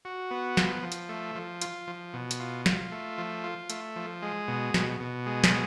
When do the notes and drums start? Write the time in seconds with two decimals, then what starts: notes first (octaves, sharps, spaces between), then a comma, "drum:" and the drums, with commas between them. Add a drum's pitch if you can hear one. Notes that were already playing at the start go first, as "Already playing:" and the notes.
0.05 F#4
0.31 B3
0.57 F3, drum: snare
0.82 F3
0.92 drum: hi-hat
1.09 A3
1.35 F3
1.61 F4, drum: hi-hat
1.87 F3
2.13 B2
2.31 drum: hi-hat
2.40 F4
2.66 F4, drum: snare
2.91 A3
3.18 F3
3.44 F4
3.70 A3, drum: hi-hat
3.96 F3
4.22 G#3
4.48 B2
4.74 B2, drum: snare
5.00 B2
5.26 G#3
5.44 drum: snare